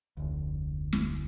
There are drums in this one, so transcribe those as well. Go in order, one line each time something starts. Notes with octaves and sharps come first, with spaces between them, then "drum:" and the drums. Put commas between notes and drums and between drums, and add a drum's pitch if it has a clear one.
F1 D2
drum: snare